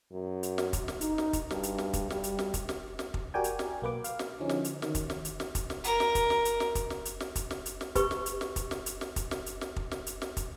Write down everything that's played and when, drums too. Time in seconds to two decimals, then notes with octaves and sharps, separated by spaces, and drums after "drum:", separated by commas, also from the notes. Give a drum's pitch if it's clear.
0.12 F#2
0.43 drum: hi-hat
0.58 drum: snare
0.73 drum: kick, hi-hat
0.88 drum: snare
1.01 D#4, drum: hi-hat
1.18 drum: snare
1.33 drum: kick, hi-hat
1.51 G2, drum: snare
1.63 drum: hi-hat
1.78 drum: snare
1.93 drum: kick, hi-hat
2.10 G3, drum: snare
2.24 drum: hi-hat
2.39 drum: snare
2.54 drum: kick, hi-hat
2.69 drum: snare
2.99 drum: snare
3.14 drum: kick
3.34 F#4 G4 A#4 D5 G5 G#5
3.44 drum: hi-hat
3.59 drum: snare
3.82 B1 A#3 B4 D6
4.04 F5, drum: hi-hat
4.19 drum: snare
4.40 D3 F3 C#4 D#4
4.49 drum: snare
4.64 drum: hi-hat
4.82 D#3, drum: snare
4.95 drum: kick, hi-hat
5.10 drum: snare
5.25 drum: hi-hat
5.40 drum: snare
5.55 drum: kick, hi-hat
5.70 drum: snare
5.84 A#4, drum: hi-hat
6.00 drum: snare
6.15 drum: kick, hi-hat
6.30 drum: snare
6.45 drum: hi-hat
6.60 drum: snare
6.75 drum: kick, hi-hat
6.90 drum: snare
7.05 drum: hi-hat
7.20 drum: snare
7.36 drum: kick, hi-hat
7.51 drum: snare
7.66 drum: hi-hat
7.81 drum: snare
7.95 G4 B4 C#6, drum: kick, hi-hat
8.11 drum: snare
8.26 drum: hi-hat
8.41 drum: snare
8.56 drum: kick, hi-hat
8.71 drum: snare
8.86 drum: hi-hat
9.01 drum: snare
9.16 drum: kick, hi-hat
9.31 drum: snare
9.46 drum: hi-hat
9.61 drum: snare
9.76 drum: kick
9.91 drum: snare
10.07 drum: hi-hat
10.22 drum: snare
10.37 drum: kick, hi-hat